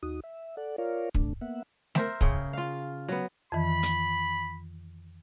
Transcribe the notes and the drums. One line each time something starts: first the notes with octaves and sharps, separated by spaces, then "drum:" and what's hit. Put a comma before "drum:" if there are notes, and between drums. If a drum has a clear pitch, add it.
D#2 D#4 F#4 D#6
E5
A4 D5 F#5
F4 A#4 C#5 D5 F5
C3 A3 D4, drum: kick
A#3 B3 E5 F#5
A#4 C5 E5, drum: snare A3
C#3 G#4 G5, drum: kick
F4 F5
F#3 B3
F2 D#3 E3 B5
drum: hi-hat